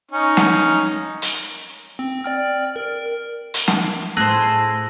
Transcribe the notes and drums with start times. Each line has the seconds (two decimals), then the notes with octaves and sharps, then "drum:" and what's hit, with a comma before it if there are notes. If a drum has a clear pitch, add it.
0.11 C#4 D#4
0.37 drum: snare
1.22 drum: hi-hat
1.99 C4
2.24 D5 G5 F6
2.76 A#4
3.54 drum: hi-hat
3.68 drum: snare
4.17 A2 G#4 C5 A5 E6 F#6 A#6 D#7